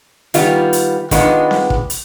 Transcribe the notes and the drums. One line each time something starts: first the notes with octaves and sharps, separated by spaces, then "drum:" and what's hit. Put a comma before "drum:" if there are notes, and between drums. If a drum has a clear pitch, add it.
D#3 G3 B3 F4, drum: hi-hat
drum: hi-hat
D#3 G#3 B3 D4 F4, drum: kick, hi-hat
drum: snare C4
drum: kick
drum: hi-hat